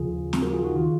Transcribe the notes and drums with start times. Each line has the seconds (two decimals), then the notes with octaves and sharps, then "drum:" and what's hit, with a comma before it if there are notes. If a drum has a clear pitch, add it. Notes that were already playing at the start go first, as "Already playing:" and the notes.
Already playing: D#2 C#3 F3 F4 G#4
0.33 drum: snare
0.42 F#4 A#4
0.53 F4 G#4
0.64 D#4 F#4
0.75 D#3 F4